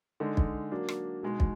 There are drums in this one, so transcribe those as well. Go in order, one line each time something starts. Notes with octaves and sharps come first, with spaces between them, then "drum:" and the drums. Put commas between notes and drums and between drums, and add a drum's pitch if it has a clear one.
D3 G#3 D#4
drum: kick
F#3 A#3 D4
drum: rim click
B2 G#3 D#4
drum: kick